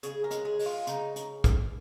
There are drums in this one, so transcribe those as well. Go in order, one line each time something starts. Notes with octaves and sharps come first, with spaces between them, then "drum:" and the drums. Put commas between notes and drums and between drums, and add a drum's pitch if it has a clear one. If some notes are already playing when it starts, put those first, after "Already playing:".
C#3 G#4, drum: hi-hat
A#4
G#3, drum: hi-hat
G#4
G#3, drum: open hi-hat
F4
C#3 D#4, drum: hi-hat
drum: hi-hat
drum: kick, hi-hat